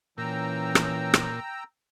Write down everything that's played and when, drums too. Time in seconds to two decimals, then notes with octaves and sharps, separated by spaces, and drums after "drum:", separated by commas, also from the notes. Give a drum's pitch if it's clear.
0.18 A#2 E3 C#4 G5 A#5 E6
0.75 drum: rim click
1.14 drum: rim click